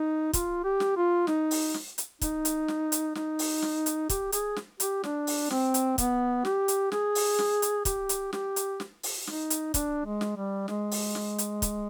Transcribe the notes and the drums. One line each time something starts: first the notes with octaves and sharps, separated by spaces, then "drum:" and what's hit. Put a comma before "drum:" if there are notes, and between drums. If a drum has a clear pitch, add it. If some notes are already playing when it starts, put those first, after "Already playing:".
Already playing: D#4
F4, drum: kick, hi-hat
G4
drum: snare
F4
D#4, drum: snare
drum: open hi-hat
drum: snare
drum: hi-hat
D#4, drum: kick, hi-hat
drum: hi-hat
drum: snare
drum: hi-hat
D#4, drum: snare
drum: open hi-hat
drum: snare
drum: hi-hat
G4, drum: kick, hi-hat
G#4, drum: hi-hat
drum: snare
G4, drum: hi-hat
D4, drum: snare
drum: open hi-hat
C4, drum: snare
drum: hi-hat
B3, drum: kick, hi-hat
G4, drum: snare
drum: hi-hat
G#4, drum: snare
drum: open hi-hat
drum: snare
drum: hi-hat
G4, drum: kick, hi-hat
drum: hi-hat
G4, drum: snare
drum: hi-hat
drum: snare
drum: open hi-hat
D#4, drum: snare
drum: hi-hat
D4, drum: kick, hi-hat
G#3
drum: snare
G3
G#3, drum: snare
drum: open hi-hat
drum: snare
drum: hi-hat
drum: kick, hi-hat